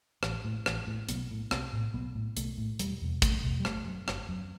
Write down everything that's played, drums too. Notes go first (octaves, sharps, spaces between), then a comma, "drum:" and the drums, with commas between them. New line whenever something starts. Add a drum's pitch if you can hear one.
A1, drum: rim click
A2
A1, drum: rim click
A2
B1 B3, drum: hi-hat
A2
B1 C4, drum: rim click
A2
B1 B3
A2
B1 A3, drum: hi-hat
A2
E1 G3, drum: hi-hat
E2 B2
E1 A3, drum: kick, hi-hat
E2 B2
G3
G1 A3, drum: rim click
F#2
G1, drum: rim click
F#2